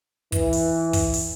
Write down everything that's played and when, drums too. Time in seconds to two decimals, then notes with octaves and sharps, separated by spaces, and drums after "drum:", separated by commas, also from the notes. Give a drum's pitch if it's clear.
0.32 E3, drum: kick, hi-hat
0.53 drum: open hi-hat
0.93 drum: kick, open hi-hat
1.14 drum: open hi-hat